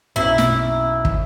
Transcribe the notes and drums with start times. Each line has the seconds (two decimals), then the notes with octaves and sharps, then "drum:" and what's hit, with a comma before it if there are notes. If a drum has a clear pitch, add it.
0.16 B1 F#2 E4 E6
0.38 drum: snare
1.05 drum: kick